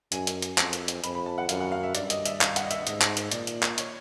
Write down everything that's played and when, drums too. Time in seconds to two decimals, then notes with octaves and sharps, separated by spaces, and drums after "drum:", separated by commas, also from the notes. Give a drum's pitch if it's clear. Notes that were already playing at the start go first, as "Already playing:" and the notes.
0.12 F#2 G#5, drum: hi-hat
0.27 drum: hi-hat
0.42 drum: hi-hat
0.58 F2, drum: clap
0.73 drum: hi-hat
0.88 drum: hi-hat
1.04 F2 B5, drum: hi-hat
1.15 B5
1.26 A5
1.38 F#5
1.49 F#2 F5, drum: hi-hat
1.60 F#5
1.72 F5
1.83 E5
1.95 G2 D5, drum: hi-hat
2.10 D#5, drum: hi-hat
2.26 E5, drum: hi-hat
2.41 F5, drum: clap
2.56 F#5, drum: hi-hat
2.65 D#5
2.71 E5, drum: hi-hat
2.87 G#2 D#5, drum: hi-hat
3.02 drum: clap
3.17 drum: hi-hat
3.31 A#2 D5, drum: hi-hat
3.47 drum: hi-hat
3.63 drum: clap
3.78 C#5, drum: hi-hat